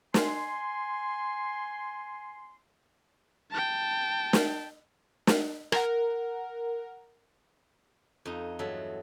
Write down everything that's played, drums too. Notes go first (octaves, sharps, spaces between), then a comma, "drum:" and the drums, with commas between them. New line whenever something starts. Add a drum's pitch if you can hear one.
G#5 C6, drum: snare
G5 A5
drum: snare
drum: snare
A#4 F#5, drum: rim click
F2 D#4
E2 G2 F#3 A4 E5